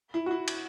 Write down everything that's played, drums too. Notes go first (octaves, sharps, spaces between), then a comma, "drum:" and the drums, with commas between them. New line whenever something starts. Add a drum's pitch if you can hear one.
E4
F#4
E4
drum: cymbal